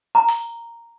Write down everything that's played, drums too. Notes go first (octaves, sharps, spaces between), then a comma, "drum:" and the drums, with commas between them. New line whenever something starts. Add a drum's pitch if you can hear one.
A#5
drum: open hi-hat